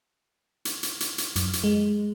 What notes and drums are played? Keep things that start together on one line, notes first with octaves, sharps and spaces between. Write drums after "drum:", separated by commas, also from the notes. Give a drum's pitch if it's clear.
drum: hi-hat
drum: hi-hat
drum: hi-hat
drum: hi-hat
F#2, drum: hi-hat
drum: hi-hat
G#3